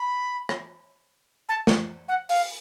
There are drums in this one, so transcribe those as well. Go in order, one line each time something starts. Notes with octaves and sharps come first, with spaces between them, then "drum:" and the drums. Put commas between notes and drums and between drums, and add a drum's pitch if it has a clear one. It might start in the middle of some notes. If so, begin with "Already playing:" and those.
Already playing: B5
drum: rim click
A5
drum: snare
F#5
F5, drum: open hi-hat